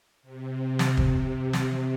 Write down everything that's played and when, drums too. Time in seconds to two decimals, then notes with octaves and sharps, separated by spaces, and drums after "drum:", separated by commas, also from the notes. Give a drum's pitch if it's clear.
0.23 C3
0.79 C3, drum: snare
0.97 drum: kick E1
1.53 drum: snare